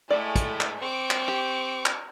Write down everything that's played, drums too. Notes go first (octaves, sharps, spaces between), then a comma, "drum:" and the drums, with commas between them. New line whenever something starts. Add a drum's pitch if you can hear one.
A2 G#3 A3 D5
drum: kick, hi-hat
drum: clap
C4 C#6 D6
drum: clap
G4
drum: clap